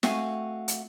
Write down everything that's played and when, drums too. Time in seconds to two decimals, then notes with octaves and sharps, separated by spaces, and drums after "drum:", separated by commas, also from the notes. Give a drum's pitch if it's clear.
0.03 A3 C4 F#4 F5 F#5 G#5, drum: snare
0.68 drum: hi-hat